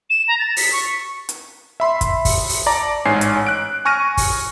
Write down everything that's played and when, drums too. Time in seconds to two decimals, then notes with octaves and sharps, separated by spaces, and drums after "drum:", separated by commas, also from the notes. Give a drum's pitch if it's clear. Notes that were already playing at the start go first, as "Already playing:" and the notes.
0.09 E7
0.27 A#5
0.38 A6
0.57 B6, drum: open hi-hat
0.72 C#6
1.29 drum: hi-hat
1.80 E5 B5 C6
2.01 drum: kick, hi-hat
2.25 drum: kick, open hi-hat
2.49 drum: open hi-hat
2.66 D5 A5 A#5 D6
3.05 A1 G#2 C#5 G#5 C7
3.21 drum: hi-hat
3.47 F#6 D7
3.85 G#5 C#6 F6 A#6 D#7
4.17 drum: kick, open hi-hat